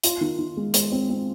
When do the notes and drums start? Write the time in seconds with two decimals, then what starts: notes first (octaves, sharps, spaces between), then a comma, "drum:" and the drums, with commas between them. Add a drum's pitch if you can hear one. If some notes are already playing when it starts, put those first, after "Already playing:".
0.04 F4, drum: hi-hat
0.21 D#3
0.38 D#3
0.57 G#3
0.74 G#3, drum: hi-hat
0.92 C4
1.09 C4